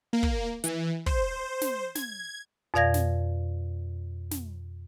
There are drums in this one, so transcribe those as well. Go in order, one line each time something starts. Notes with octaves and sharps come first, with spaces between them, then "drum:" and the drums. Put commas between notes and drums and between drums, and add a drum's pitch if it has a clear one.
A#3
drum: kick
E3, drum: hi-hat
C5, drum: kick
drum: snare
G#6, drum: snare
F2 B2 D5 F5 G#6 A#6
drum: snare
drum: snare